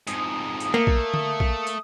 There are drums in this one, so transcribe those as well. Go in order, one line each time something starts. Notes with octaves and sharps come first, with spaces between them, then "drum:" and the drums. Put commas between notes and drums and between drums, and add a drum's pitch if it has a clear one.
F2 G#2 D#6, drum: hi-hat
drum: hi-hat
A3 A#3
drum: kick A#1
drum: tom D3
drum: kick A#1
drum: hi-hat